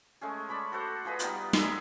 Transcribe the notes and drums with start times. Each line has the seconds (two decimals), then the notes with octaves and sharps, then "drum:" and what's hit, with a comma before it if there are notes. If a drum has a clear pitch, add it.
0.21 G#3 A3 C#4 G#4
0.49 D5 A5 B5 C#6
0.72 F#4 A4 C5 F#5
1.05 F3 G#4 B4 D#5
1.19 G3 B3 D#4 F4, drum: hi-hat
1.53 G#3 G#4 A#4 E5, drum: snare